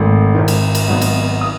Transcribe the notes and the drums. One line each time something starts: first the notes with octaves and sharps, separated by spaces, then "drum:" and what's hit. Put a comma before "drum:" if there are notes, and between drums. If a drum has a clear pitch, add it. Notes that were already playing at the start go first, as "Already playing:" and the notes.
Already playing: G#1 G#2 D#3 A3
G#1 G#2 D#3
drum: cymbal
drum: cymbal
G#1 G#2 F#3 B3 D#4
drum: cymbal
D#6